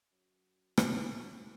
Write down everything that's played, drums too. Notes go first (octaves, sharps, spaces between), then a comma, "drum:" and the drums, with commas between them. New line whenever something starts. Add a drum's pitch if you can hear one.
F#2
drum: rim click